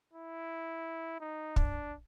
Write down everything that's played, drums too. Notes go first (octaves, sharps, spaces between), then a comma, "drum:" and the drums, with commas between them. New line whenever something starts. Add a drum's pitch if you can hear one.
E4
D#4
D4, drum: kick